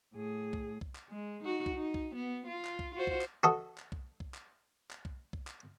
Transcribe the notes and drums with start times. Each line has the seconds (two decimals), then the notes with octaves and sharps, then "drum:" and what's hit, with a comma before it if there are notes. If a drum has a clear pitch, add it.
0.14 A2 G#4
0.53 drum: kick B1
0.81 drum: kick B1
0.95 drum: clap
1.10 G#3
1.44 D#4 F#4
1.66 drum: kick B1
1.75 D#4
1.94 drum: kick B1
2.15 B3
2.47 F4
2.65 drum: clap
2.79 drum: kick B1
2.95 F4 F#4 C5
3.07 drum: kick B1
3.21 drum: clap
3.43 F#4 A4 D#5
3.78 drum: clap
3.92 drum: kick B1
4.20 drum: kick B1
4.34 drum: clap
4.91 drum: clap
5.05 drum: kick B1
5.33 drum: kick B1
5.47 drum: clap